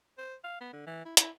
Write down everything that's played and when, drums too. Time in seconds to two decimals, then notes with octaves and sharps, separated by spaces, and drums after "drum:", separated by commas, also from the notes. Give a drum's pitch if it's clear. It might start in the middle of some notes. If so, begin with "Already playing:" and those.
0.18 C5
0.44 F5
0.61 B3
0.73 D3
0.87 E3
1.05 E4
1.17 E4, drum: hi-hat